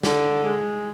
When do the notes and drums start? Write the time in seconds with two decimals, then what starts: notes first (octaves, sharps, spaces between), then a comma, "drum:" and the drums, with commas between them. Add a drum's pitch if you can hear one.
0.03 D3, drum: snare
0.42 G#3